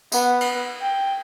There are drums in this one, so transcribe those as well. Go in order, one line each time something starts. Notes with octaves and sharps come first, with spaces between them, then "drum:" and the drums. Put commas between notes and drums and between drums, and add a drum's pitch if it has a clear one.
B3, drum: tambourine
drum: cymbal
G5